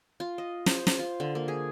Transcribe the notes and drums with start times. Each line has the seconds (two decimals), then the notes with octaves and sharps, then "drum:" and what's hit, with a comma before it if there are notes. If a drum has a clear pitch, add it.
0.20 F4
0.38 D#5
0.66 C5, drum: snare
0.87 C5, drum: snare
0.99 F4
1.20 D3
1.35 A#3
1.48 G#4